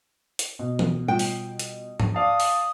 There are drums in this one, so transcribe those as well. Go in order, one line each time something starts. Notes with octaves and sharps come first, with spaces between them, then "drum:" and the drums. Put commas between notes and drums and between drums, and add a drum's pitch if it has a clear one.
drum: hi-hat
B2
drum: tom E3
G3 F4 G5
drum: open hi-hat
drum: hi-hat
drum: tom G#2
D5 F5 A5 D#6
drum: open hi-hat